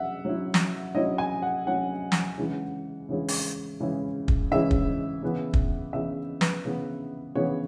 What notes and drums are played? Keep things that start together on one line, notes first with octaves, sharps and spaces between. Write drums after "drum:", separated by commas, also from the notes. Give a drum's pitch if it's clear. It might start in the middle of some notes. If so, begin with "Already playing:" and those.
Already playing: F#3 C#4 E5 F#5
F#3 C#4 E4
drum: snare
F#3 C#4 E4 D#5
G#5
F#5
F#3 C#4 E4 F#5
drum: snare
C#3 E3 G#3 C#4 E4
C#3 E3 G#3 C#4 E4
drum: open hi-hat
C#3 E3 G#3 C#4 E4
drum: kick
C#3 E3 G#3 C#4 E4 E5
drum: kick
C#3 E3 B3
drum: kick
C#3 E3 B3 E5
B4, drum: snare
C#3 E3 B3
C#3 E3 B3 C#5